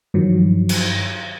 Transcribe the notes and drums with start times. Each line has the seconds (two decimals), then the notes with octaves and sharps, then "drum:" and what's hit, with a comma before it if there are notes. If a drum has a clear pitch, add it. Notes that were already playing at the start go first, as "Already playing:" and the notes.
0.14 G2 D#3 F3 F#3
0.69 drum: cymbal